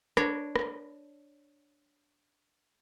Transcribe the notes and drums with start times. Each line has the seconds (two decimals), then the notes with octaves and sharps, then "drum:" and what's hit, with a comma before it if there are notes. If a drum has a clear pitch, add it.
0.17 D4 C#5, drum: rim click
0.56 drum: rim click